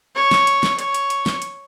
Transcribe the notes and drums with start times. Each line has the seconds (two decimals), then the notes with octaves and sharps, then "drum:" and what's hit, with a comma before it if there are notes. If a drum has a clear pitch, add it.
0.15 C#5
0.31 drum: snare
0.47 drum: hi-hat
0.63 drum: snare
0.79 C#5, drum: hi-hat
0.94 drum: hi-hat
1.10 drum: hi-hat
1.26 drum: snare
1.42 drum: hi-hat